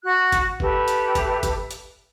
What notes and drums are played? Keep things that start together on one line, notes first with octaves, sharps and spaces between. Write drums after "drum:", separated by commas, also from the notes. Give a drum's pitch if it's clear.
F#4 F#6
drum: kick F#1, hi-hat
G4 A4 B4 E5, drum: kick F#1
drum: hi-hat
drum: kick F#1, hi-hat
drum: kick F#1, hi-hat
drum: hi-hat